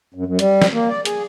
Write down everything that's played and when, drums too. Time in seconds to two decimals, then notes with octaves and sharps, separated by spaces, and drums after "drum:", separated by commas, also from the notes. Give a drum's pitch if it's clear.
0.14 F#2
0.26 F#2
0.39 G3, drum: hi-hat
0.62 drum: snare
0.73 A#3
0.90 D5
1.05 G#4, drum: hi-hat